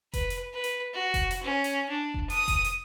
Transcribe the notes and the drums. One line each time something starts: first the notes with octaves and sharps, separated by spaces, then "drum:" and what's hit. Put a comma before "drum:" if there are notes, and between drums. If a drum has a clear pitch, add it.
B4, drum: kick F1, hi-hat
drum: hi-hat
B4
drum: hi-hat
F#4
drum: kick F1, hi-hat
drum: hi-hat
C#4
drum: hi-hat
D4
drum: kick F1
D#6, drum: hi-hat
drum: kick F1, hi-hat
drum: hi-hat